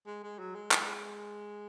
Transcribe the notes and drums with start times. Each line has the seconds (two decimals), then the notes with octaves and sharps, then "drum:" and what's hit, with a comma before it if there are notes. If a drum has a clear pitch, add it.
0.06 G#3
0.23 G#3
0.39 F#3
0.55 G#3
0.71 G#3, drum: clap